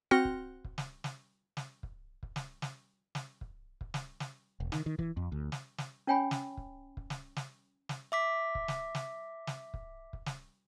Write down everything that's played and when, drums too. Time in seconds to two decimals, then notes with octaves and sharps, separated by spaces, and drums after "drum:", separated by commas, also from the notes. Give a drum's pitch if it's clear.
0.11 C4 F#4 G5 F6 A#6 C#7
0.25 drum: kick
0.65 drum: kick
0.78 drum: snare
1.04 drum: snare
1.57 drum: snare
1.83 drum: kick
2.23 drum: kick
2.36 drum: snare
2.62 drum: snare
3.15 drum: snare
3.41 drum: kick
3.81 drum: kick
3.94 drum: snare
4.20 drum: snare
4.60 E1
4.72 D#3, drum: snare
4.86 D#3
4.99 E3, drum: kick
5.17 F2
5.32 D2
5.52 drum: snare
5.78 drum: snare
6.07 C#4 C#5 G5 G#5 B5
6.31 drum: snare
6.57 drum: kick
6.97 drum: kick
7.10 drum: snare
7.36 drum: snare
7.89 drum: snare
8.12 E5 D6 B6
8.55 drum: kick
8.68 drum: snare
8.95 drum: snare
9.47 drum: snare
9.74 drum: kick
10.13 drum: kick
10.26 drum: snare